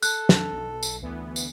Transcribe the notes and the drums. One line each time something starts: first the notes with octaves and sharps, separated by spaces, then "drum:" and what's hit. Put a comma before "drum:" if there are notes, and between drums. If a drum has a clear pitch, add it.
A4 F#6, drum: tambourine
drum: snare
B1
drum: tambourine
D2 E3 B3
drum: tambourine